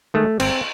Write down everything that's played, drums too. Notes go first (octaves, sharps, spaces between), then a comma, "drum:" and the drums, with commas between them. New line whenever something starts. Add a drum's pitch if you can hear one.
D#3 G#3 A3
G#1 C4, drum: cymbal